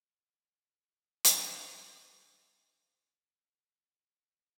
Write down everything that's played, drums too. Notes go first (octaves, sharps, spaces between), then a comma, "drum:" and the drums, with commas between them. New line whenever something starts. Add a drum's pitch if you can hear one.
D#5
F#5
D#5
C#5
C#5
D#5
drum: hi-hat
C#5
C#5
D#5
G#4
G#4
A#4
D#4
D#4